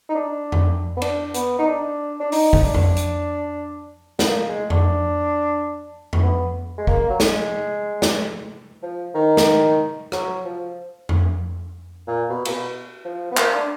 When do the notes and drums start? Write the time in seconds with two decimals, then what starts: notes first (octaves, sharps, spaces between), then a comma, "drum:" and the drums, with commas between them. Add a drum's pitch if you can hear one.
0.09 D#4
0.15 D4
0.52 drum: tom F2
0.97 B3
1.02 D4, drum: cymbal
1.34 B3, drum: hi-hat
1.59 D#4
1.67 D4
2.20 D4
2.32 D#4, drum: open hi-hat
2.53 drum: kick
2.64 D4
2.74 drum: tom F2
2.97 drum: hi-hat
4.19 B3, drum: snare
4.26 A#3
4.49 G#3
4.70 D4, drum: tom F2
6.13 drum: tom F2
6.22 B3
6.78 G#3
6.87 A#3, drum: kick
7.09 F#3
7.20 G#3, drum: snare
8.02 drum: snare
8.83 F3
9.15 D#3
9.37 drum: snare
10.12 F#3, drum: rim click
10.45 F3
11.09 drum: tom F2
12.07 A#2
12.29 B2
12.45 A#2, drum: cymbal
12.51 B2
13.05 F3
13.31 B3
13.37 A#3, drum: clap
13.54 D4